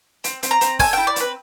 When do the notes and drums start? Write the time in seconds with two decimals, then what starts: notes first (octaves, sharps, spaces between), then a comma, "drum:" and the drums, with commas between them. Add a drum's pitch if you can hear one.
0.24 C4, drum: hi-hat
0.43 C4, drum: hi-hat
0.51 A#5
0.61 C4, drum: hi-hat
0.79 A4 G#5, drum: kick, open hi-hat
0.93 E4 G5
1.07 D5
1.16 C4 B4, drum: hi-hat